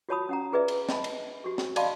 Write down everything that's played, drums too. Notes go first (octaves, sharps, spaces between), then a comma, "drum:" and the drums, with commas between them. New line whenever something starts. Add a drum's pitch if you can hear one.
F4 F#4 C#5 A5 B5 D#6
C#4 F#5 A#5
F4 G#4 B4 D5 E5
drum: cymbal
D#5 E5 A5 B5, drum: snare
drum: cymbal
F#4 G4
drum: snare
D5 D#5 F5 A5 B5 C6, drum: cymbal